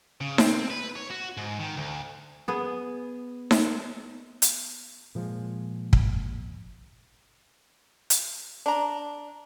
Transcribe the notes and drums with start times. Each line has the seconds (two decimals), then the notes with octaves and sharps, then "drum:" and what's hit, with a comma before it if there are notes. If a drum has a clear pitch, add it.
0.21 C#3
0.38 C4, drum: snare D#4
0.70 B4
0.96 C#5
1.10 F#4
1.37 G#2
1.60 D#3
1.76 D2
2.48 B3 G#4
3.51 drum: snare D#4
4.42 drum: hi-hat
5.15 A#2 F3 G#3
5.93 drum: kick
8.10 drum: hi-hat
8.66 D4 A#5